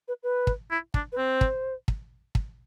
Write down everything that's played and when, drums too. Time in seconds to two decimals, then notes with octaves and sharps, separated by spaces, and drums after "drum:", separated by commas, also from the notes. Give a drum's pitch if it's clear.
0.08 B4
0.23 B4
0.47 drum: kick
0.71 E4
0.94 D4, drum: kick
1.12 B4
1.17 C4 C5
1.41 drum: kick
1.88 drum: kick
2.35 drum: kick